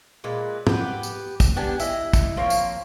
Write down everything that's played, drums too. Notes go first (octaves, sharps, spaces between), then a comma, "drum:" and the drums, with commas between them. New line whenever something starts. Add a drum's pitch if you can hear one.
A#2 G#3 B4
B3 G4, drum: tom
drum: tambourine
drum: kick, tambourine
B3 D4 G4 G#5
E4 D#5, drum: tambourine
drum: kick, tambourine
F3 A#3 C4 C#5
drum: tambourine